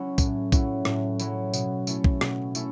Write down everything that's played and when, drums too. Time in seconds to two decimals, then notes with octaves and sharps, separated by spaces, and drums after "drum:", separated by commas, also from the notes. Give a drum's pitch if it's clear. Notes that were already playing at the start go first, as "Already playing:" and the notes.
Already playing: F#3 C#4 E4
0.18 A2, drum: kick A#1, tambourine
0.52 F#3 C#4 E4, drum: kick A#1, tambourine
0.85 A2, drum: rim click
1.20 F#3 C#4 E4, drum: tambourine
1.54 B2, drum: tambourine
1.87 A3 C#4 E4, drum: tambourine
2.04 drum: kick A#1
2.21 B2, drum: rim click
2.55 A3 C#4 E4, drum: tambourine